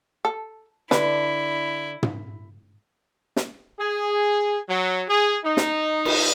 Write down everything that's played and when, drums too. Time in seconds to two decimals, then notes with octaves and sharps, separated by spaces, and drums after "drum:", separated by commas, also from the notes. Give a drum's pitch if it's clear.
0.25 A4
0.91 D3 D4 E4 B4 D5, drum: snare
2.03 drum: tom
3.36 drum: snare
3.80 G#4
4.69 F#3
5.09 G#4
5.45 D#4
5.57 drum: snare
6.05 drum: cymbal